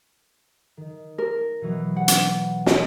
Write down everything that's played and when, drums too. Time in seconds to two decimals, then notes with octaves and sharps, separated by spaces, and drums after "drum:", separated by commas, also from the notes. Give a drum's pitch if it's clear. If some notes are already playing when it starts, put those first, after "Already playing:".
0.77 D#3
1.18 A#4
1.61 B2 E3 F#3
1.96 F#5
2.08 drum: hi-hat
2.66 drum: snare